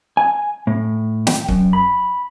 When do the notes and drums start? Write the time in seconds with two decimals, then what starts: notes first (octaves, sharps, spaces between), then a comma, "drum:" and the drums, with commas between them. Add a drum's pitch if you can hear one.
0.17 G#5
0.67 A2
1.27 G5, drum: snare
1.48 F#2, drum: kick
1.73 B5